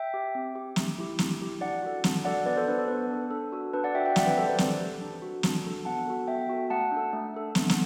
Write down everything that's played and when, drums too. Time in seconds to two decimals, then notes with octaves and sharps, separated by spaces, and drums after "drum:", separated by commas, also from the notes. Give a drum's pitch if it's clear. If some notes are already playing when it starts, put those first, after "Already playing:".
Already playing: E5 G5
0.14 G4
0.35 C4
0.55 G4
0.76 A3, drum: snare
0.99 E4 G4
1.19 A3, drum: snare
1.41 E4 G4
1.61 D4 D5 F#5
1.82 F#4 A4
2.04 D4, drum: snare
2.25 F#4 A4 D5 F#5
2.46 B3 B4 D5
2.57 A4 C5
2.68 D4 A4 B4
2.79 A4
2.88 B3 B4
3.10 D4 A4
3.31 D4 A4
3.52 F#4 A4
3.73 D4 B4
3.84 D5 F#5
3.95 F#4 A4 E5 G5
4.06 E5 G5
4.16 C4 D5 F#5, drum: snare
4.26 B4
4.37 G4 A4 C5
4.47 B4 D5
4.58 C4, drum: snare
4.80 G4
5.01 D4
5.22 F#4 A4
5.43 D4, drum: snare
5.64 F#4 A4
5.85 B3 F#5 A5
6.07 F#4 A4
6.28 B3 E5 G5
6.49 F#4 A4
6.70 A3 F#5 A5
6.92 D4
6.97 A4
7.13 A3
7.34 D4 A4
7.55 B3, drum: snare
7.69 drum: snare